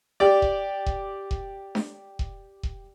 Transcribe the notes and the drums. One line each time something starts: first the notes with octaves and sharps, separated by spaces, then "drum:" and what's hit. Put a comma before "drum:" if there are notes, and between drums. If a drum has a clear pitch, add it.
G4 D5
drum: kick E1
drum: kick E1
drum: kick E1
drum: snare D4
drum: kick E1
drum: kick E1